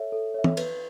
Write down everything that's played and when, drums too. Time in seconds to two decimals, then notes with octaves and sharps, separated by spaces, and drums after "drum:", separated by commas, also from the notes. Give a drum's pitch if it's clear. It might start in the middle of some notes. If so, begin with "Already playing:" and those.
Already playing: A4 C#5 E5
0.12 A4
0.34 C#5 E5
0.44 drum: tom
0.57 B4, drum: cymbal